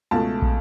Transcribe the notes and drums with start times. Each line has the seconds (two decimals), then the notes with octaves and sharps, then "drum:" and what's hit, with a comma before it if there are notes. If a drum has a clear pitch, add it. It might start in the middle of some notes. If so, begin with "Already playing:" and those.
0.11 C#2 B2 A3 A5
0.42 drum: kick